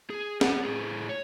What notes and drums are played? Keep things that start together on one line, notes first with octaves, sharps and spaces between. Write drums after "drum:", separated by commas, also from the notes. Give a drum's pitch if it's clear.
G#4
C#4 F#5, drum: snare
A2 G#4
C#5